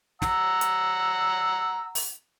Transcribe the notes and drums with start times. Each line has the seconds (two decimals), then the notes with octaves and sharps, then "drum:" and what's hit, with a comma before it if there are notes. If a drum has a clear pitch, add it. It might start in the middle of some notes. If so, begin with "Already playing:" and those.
0.22 F#5 A#5 E6, drum: snare
0.61 drum: hi-hat
1.95 drum: open hi-hat